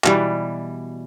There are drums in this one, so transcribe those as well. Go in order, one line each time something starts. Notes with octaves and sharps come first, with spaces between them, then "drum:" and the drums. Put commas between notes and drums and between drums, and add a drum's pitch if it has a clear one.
B2 E3 G3, drum: clap